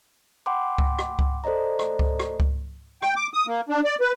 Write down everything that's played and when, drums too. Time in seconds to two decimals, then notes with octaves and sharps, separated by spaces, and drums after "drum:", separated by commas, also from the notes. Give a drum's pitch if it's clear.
0.46 F#5 G5 B5 C6 D6
0.78 drum: kick C#2
0.99 drum: rim click
1.19 drum: kick C#2
1.44 A4 C5 D5 D#5 A#5
1.79 drum: rim click
1.99 drum: kick C#2
2.19 drum: rim click
2.40 drum: kick C#2
3.02 G5, drum: rim click
3.16 D6
3.34 D#6
3.47 A#3
3.69 D4
3.85 D5
4.01 B4